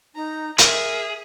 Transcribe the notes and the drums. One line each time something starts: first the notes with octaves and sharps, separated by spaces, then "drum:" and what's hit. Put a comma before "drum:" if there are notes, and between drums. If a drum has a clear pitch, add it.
D#4 A#5
G#4 A#4 E5, drum: hi-hat